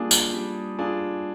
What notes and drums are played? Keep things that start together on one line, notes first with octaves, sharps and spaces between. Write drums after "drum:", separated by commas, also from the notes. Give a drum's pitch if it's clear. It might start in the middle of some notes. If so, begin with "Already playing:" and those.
Already playing: G3 A#3 D4 F4 G#4
drum: tambourine
G3
D4 F4 G#4